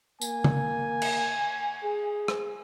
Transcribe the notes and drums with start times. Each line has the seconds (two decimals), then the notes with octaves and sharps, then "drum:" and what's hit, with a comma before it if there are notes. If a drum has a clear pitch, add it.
0.22 A#3 G#5, drum: tambourine
0.44 drum: tom C#3
1.02 drum: cymbal
1.83 G#4
2.28 drum: rim click